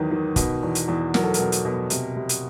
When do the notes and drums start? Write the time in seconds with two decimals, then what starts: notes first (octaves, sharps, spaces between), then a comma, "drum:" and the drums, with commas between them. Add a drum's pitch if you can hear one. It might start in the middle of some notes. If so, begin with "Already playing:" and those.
Already playing: E2 D#3 F#3 B4
0.11 D#3
0.36 B2, drum: kick, hi-hat
0.63 E2
0.75 drum: hi-hat
0.88 E2
1.14 F#3 A#4, drum: snare
1.23 A4
1.34 A#4, drum: hi-hat
1.39 B2
1.52 drum: hi-hat
1.65 B2
1.90 C3, drum: hi-hat
2.16 C3
2.29 drum: hi-hat